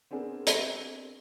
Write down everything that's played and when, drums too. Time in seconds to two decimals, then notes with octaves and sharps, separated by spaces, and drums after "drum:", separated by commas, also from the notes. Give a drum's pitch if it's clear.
0.11 B3 C4 D4 G#4 A#4
0.47 drum: hi-hat